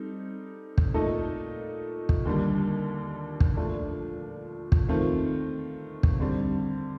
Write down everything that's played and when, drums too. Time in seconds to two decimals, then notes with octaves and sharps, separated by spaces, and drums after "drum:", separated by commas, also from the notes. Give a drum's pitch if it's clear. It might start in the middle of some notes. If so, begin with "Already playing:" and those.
Already playing: G3 C4 D#4 A4
0.78 drum: kick
0.94 A#2 A3 D#4 A4 D#5
2.09 drum: kick
2.25 D#2 D3 G3
3.40 drum: kick
3.56 A#2 F3 A3 D4
4.72 drum: kick
4.88 D#3 A3 C4 F4
6.03 drum: kick
6.20 D3 G3 C4